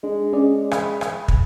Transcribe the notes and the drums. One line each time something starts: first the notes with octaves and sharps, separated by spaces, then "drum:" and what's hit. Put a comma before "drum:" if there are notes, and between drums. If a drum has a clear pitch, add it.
G#3 D4
C#4 G#4 D5
B5, drum: rim click
drum: rim click
drum: kick